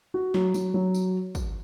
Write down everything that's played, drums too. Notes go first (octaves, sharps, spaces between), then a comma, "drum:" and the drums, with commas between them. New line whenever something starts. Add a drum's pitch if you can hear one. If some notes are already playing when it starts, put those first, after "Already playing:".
F#4
F#3, drum: snare
F#3, drum: tambourine
F#3
drum: tambourine
drum: kick, tambourine